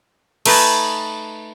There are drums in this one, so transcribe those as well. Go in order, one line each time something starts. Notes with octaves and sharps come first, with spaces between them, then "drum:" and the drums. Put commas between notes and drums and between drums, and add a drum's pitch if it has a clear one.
A3 D#4 B4 D#5 G#5 A5, drum: cymbal